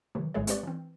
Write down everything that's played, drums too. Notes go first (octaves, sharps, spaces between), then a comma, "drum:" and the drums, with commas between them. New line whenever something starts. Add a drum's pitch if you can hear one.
C3 D#3 E3 F#3 A3
G#1 G#2 G3 G#3 G#4 C#5
G#3 C4 G4 B4 D5 C#6, drum: hi-hat
E3 C4